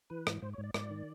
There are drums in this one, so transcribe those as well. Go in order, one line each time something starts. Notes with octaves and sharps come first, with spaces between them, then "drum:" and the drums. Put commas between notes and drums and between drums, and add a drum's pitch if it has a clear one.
E3 B4
G#2, drum: rim click
G#2 C5
C#5
G#2
D5
G#2 D5, drum: rim click
D#3